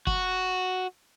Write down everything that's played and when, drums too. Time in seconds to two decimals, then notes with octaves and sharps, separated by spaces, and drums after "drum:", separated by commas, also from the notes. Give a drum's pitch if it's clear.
0.07 F#4, drum: kick